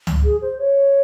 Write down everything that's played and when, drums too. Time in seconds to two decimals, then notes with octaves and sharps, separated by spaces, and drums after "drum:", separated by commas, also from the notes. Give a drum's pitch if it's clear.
0.07 drum: tom C#2
0.24 G#4
0.42 C5
0.59 C#5